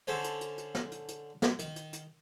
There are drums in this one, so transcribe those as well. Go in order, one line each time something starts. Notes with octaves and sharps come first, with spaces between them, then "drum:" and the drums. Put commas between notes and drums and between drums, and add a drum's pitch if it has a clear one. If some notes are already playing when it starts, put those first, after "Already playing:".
D3 C#4 A4 C5 C#5
drum: hi-hat
drum: hi-hat
drum: hi-hat
drum: snare
drum: hi-hat
drum: hi-hat
drum: snare
D#3, drum: hi-hat
drum: hi-hat
drum: hi-hat